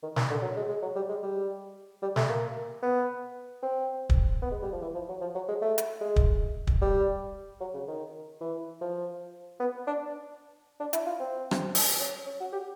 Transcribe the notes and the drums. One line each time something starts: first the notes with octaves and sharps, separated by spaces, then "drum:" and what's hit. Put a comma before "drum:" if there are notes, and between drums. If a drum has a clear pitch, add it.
D#3
D#3, drum: snare
D3
F#3
G#3
G#3
F#3
G3
G#3
G3
G3
A3, drum: snare
A#3
B3
C4
drum: kick
B3
G#3
G3
F3
E3
F3
F#3
F3
F#3
G#3
A3
drum: hi-hat
G#3
drum: kick
drum: kick
G3
F#3
C#3
D#3
E3
F3
B3
D4
D4
E4, drum: hi-hat
F4
C4
drum: rim click
drum: open hi-hat
C#4
C#4
F#4
G4